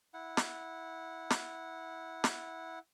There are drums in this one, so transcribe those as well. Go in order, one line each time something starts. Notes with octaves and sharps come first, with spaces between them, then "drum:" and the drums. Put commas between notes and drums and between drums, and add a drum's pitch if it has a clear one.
E4 F#5
drum: snare
drum: snare
drum: snare